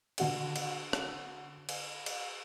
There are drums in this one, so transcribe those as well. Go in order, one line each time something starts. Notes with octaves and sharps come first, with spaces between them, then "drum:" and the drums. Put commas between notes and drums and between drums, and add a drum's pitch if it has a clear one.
D3 F#4 F#5, drum: cymbal
drum: cymbal
drum: rim click
drum: cymbal
drum: cymbal